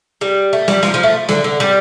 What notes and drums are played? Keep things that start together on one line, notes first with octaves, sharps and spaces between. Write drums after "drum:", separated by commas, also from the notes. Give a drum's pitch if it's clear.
G3
A3
G3, drum: snare
F3, drum: snare
F3
A3
D3, drum: snare
D3
G3